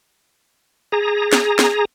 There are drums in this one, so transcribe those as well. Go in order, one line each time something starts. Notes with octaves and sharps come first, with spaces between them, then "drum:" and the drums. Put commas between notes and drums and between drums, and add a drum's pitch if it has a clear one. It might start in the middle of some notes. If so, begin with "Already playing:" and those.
G#4 A#5
drum: snare
drum: snare